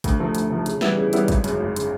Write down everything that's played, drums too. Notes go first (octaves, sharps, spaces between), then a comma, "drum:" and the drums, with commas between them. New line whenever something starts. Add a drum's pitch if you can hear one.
D2, drum: kick G#1, hi-hat
C3 F3 A3
D2, drum: hi-hat
C3 F3 A3
C#3, drum: hi-hat
E3 G3 B3 E4, drum: snare
C#3
E3 G3 B3 E4, drum: hi-hat
G#1, drum: kick G#1, hi-hat
F#2 C#3, drum: hi-hat
G#1
C#3, drum: hi-hat